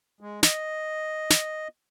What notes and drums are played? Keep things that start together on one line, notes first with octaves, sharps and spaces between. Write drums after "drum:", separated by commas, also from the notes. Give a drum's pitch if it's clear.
G#3
D#5, drum: snare
drum: snare